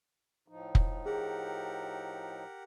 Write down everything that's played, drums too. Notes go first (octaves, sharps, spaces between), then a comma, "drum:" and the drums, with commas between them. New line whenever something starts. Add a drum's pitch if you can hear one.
A2 F3 D#4
drum: kick
G4 G#4 A#4 F#5